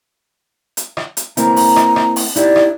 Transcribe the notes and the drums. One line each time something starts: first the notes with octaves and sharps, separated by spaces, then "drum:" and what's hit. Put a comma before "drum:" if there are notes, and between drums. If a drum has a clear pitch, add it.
drum: hi-hat
drum: rim click
drum: hi-hat
A#3 C4 E4 A#5, drum: hi-hat
drum: open hi-hat
drum: rim click
drum: rim click
drum: open hi-hat
D#4 E4 G4 D5, drum: hi-hat
drum: rim click